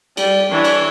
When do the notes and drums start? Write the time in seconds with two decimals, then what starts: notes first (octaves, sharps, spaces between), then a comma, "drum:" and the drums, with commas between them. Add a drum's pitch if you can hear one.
0.17 G3, drum: cymbal
0.51 E3 D4 C#5
0.64 drum: cymbal